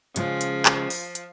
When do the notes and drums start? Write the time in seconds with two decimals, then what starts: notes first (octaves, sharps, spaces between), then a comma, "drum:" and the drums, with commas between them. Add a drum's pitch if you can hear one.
0.16 C#3 F3 G#3 C#4 F4, drum: hi-hat
0.41 drum: hi-hat
0.66 drum: clap
0.90 drum: open hi-hat
1.15 drum: hi-hat